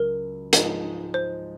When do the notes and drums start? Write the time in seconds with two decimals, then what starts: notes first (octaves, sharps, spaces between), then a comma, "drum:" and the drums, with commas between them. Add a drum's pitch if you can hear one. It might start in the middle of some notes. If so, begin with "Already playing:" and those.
Already playing: C#2 C#3 F#3 A#4
0.53 G#2 F3 G#3 D#4, drum: hi-hat
1.14 C5